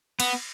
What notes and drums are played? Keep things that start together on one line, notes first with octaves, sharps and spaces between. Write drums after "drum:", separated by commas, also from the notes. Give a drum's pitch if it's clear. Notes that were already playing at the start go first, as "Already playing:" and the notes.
B3, drum: cymbal